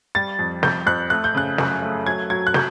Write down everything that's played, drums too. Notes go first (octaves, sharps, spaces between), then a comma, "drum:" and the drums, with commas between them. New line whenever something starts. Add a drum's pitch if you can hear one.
G3 A6
F2
F2 G6, drum: snare
F2 F#6
A3 F#6
G6
C#3 F#6
F#2, drum: snare
A3
F#3 G#6
F#3 G#6
F#6
F#3 G6, drum: snare